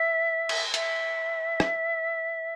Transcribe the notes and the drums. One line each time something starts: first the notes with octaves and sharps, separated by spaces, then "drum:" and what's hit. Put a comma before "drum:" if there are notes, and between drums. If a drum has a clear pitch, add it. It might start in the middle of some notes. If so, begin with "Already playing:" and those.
Already playing: E5
drum: cymbal
E5, drum: hi-hat
drum: rim click